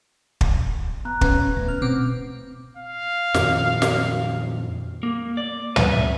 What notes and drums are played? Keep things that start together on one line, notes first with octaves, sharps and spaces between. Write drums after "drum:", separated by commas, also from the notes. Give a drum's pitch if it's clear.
drum: kick
B3 A#5 F#6
C#4 B4, drum: kick
A2
F6
B2 C4 D6
F5
F2 A#2 D#3, drum: snare
drum: snare
A#3
D5
B4, drum: tom
E5